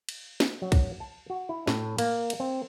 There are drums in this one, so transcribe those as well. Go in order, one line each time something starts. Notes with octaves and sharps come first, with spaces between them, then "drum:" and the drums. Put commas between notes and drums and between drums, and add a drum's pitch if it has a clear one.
drum: cymbal
drum: snare
F#3
drum: kick, cymbal
A5
F#4
E4
A2, drum: snare
A#3, drum: cymbal
drum: cymbal
C4